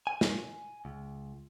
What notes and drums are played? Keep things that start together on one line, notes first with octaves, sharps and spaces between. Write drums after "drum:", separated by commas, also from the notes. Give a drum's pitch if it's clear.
G#5
drum: snare
C#2